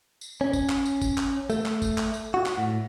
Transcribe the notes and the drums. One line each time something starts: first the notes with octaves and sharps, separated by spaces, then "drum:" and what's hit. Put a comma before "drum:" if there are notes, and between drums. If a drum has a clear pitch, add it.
drum: tambourine
C#4
drum: kick, tambourine
drum: clap
drum: tambourine
drum: kick, tambourine
drum: clap
A3, drum: tambourine
drum: clap
drum: kick, tambourine
drum: clap
drum: tambourine
F#4
drum: clap
A2